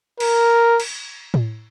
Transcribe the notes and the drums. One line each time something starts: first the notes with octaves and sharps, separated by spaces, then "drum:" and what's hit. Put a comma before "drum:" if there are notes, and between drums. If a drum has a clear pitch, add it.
A#4, drum: cymbal
drum: cymbal
drum: tom A2